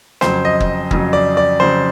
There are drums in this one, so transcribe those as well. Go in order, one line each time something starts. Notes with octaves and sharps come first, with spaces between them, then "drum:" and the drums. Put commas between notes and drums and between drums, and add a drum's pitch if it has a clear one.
F2 C#3 F#3 C5, drum: snare
D#5
drum: kick
F2 C#3 F#3, drum: kick
D5
D5
F2 C#3 F#3 C5